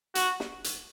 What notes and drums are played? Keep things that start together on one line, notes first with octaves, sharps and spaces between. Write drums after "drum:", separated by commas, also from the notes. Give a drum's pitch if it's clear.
F#4, drum: hi-hat
drum: snare
drum: hi-hat